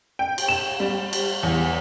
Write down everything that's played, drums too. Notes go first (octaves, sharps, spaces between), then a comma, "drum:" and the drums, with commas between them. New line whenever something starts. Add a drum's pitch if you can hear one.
G5
drum: cymbal
E7
G3
drum: cymbal
E2